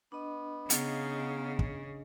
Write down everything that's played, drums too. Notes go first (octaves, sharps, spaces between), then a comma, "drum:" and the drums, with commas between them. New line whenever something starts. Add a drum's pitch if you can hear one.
B3 D4 D#5
C#3 B3 D#4 F5, drum: hi-hat
drum: kick